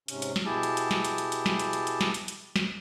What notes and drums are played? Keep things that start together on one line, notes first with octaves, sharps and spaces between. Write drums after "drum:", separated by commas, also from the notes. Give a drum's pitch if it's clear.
G#2 C3 C#4, drum: hi-hat
drum: hi-hat
drum: snare
B2 E4 G4 G#4 A5
drum: hi-hat
drum: hi-hat
drum: snare
drum: hi-hat
drum: hi-hat
drum: hi-hat
drum: snare
drum: hi-hat
drum: hi-hat
drum: hi-hat
drum: snare
drum: hi-hat
drum: hi-hat
drum: snare